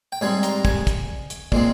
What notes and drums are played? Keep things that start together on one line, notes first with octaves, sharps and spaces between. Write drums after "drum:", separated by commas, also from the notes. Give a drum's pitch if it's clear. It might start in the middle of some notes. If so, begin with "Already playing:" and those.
G5
G#2 G3 C4 G#5
A#5, drum: hi-hat
G#5, drum: kick
drum: kick, hi-hat
drum: hi-hat
A#2 G#3 C4, drum: kick